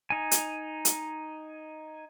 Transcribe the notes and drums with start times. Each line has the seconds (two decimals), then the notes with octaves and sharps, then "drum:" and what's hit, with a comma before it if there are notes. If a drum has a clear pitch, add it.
0.10 D#4 G#5
0.31 drum: hi-hat
0.85 drum: hi-hat